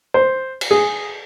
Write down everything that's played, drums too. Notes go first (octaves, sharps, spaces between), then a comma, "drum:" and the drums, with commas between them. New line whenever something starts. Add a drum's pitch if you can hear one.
C5
drum: cymbal
G#4